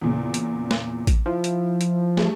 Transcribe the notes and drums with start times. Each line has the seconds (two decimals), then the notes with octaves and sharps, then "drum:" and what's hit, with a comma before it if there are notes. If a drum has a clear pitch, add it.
0.02 E2 A#2 C#3
0.34 drum: hi-hat
0.71 drum: snare
1.07 drum: kick A1, hi-hat
1.26 F3 E4
1.44 drum: hi-hat
1.81 drum: hi-hat
2.17 G3 A3 G#4, drum: snare